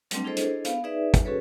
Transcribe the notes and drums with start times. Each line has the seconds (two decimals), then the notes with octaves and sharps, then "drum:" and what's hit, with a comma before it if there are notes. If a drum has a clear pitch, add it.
0.11 F#3 G3 A3 C4 D4, drum: hi-hat
0.24 D4 E4 G#4 A4 C5 D#5
0.37 drum: hi-hat
0.65 B3 F5, drum: hi-hat
0.84 D#4 G#4 B4 D5 E5
1.14 drum: kick, hi-hat
1.25 C#4 F#4 G#4 A4 B4 C#5